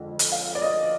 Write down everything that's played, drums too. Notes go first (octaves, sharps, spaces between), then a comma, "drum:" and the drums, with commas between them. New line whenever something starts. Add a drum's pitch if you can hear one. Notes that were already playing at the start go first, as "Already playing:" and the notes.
Already playing: F2 D3 F3 G#3
drum: hi-hat
F5
D5
D#5